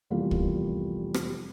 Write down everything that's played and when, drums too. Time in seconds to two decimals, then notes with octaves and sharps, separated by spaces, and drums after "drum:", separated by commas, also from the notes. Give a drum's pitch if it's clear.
0.10 F1 E2 G3 A#3 F4
0.31 drum: kick
1.14 drum: rim click